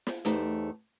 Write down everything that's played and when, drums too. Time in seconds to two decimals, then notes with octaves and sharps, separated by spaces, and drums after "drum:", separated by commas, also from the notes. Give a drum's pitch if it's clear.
0.07 drum: snare
0.25 E2 A3 D#4 G4 C5, drum: hi-hat